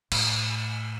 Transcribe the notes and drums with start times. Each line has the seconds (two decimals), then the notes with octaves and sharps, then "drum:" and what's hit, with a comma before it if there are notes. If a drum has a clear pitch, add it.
0.12 A2, drum: cymbal